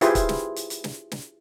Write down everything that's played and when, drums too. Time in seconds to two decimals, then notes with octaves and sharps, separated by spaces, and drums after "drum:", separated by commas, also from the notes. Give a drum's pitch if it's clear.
0.01 E4 F4 G4 G#4 B4 C5, drum: hi-hat
0.15 drum: kick, hi-hat
0.29 drum: snare
0.56 drum: hi-hat
0.70 drum: hi-hat
0.84 drum: snare
1.11 drum: snare